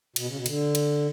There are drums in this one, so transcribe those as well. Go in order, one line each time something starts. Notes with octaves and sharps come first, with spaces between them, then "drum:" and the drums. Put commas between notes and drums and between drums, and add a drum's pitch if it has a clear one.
B2, drum: cymbal
C#3
B2
D3, drum: cymbal
drum: cymbal